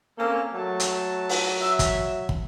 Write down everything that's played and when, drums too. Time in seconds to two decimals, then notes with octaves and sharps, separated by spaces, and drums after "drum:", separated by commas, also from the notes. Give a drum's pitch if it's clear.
0.19 A#3 C4 C#4 A4
0.55 F#3 A3 A5
0.80 drum: hi-hat
1.29 drum: open hi-hat
1.62 E5
1.79 drum: kick, hi-hat
2.29 drum: kick